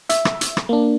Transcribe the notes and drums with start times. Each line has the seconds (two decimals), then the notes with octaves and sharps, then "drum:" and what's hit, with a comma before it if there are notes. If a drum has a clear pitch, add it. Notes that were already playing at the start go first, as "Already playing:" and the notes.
0.09 E5, drum: hi-hat
0.25 drum: rim click
0.41 drum: hi-hat
0.57 drum: rim click
0.69 A#3 D4